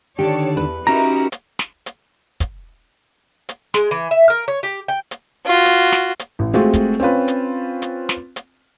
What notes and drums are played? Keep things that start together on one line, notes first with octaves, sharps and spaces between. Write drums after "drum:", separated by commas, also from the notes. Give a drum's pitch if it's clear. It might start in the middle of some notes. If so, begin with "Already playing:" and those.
D3 D#3 G4 C#5 D5 A5
E2 B4
C#4 D#4 E4 F#4 G4 A#4 A#5
drum: hi-hat
drum: snare
drum: hi-hat
drum: kick, hi-hat
drum: hi-hat
G#3, drum: snare
E3
E5
A#4
C#5
G4
G5
drum: hi-hat
F4 F#4
drum: hi-hat
drum: snare
drum: hi-hat
A1
G#3 A3 C4 F4 F#4 G#4
drum: kick, hi-hat
C4 C#4 F4 B4
drum: hi-hat
drum: hi-hat
drum: snare
drum: hi-hat